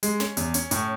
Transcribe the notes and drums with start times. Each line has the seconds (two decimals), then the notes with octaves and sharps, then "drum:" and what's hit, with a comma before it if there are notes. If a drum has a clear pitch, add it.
0.03 G#3, drum: hi-hat
0.20 C#4, drum: snare
0.37 E2, drum: hi-hat
0.54 C#4, drum: hi-hat
0.71 A2, drum: hi-hat